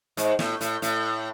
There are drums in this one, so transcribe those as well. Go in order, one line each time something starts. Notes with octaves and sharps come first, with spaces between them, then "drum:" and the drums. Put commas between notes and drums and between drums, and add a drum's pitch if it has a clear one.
G#2, drum: hi-hat
A2, drum: snare
A2, drum: hi-hat
A2, drum: hi-hat